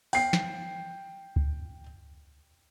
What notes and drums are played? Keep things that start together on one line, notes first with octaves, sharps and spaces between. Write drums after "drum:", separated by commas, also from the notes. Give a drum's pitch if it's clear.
G5 C7, drum: open hi-hat
drum: snare
drum: kick